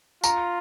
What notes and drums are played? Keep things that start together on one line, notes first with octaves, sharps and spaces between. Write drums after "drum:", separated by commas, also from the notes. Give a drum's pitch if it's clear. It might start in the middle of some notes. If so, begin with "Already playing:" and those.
F4 A#5, drum: tambourine